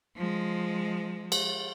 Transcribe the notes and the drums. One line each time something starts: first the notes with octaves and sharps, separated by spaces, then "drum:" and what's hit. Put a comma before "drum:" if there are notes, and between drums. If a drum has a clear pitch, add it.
F3 G#3
drum: cymbal